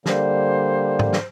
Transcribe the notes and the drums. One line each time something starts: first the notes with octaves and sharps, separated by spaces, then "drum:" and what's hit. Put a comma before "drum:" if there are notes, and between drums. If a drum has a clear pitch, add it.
D3 G3 A#3 C5, drum: snare
drum: tom G#2
drum: snare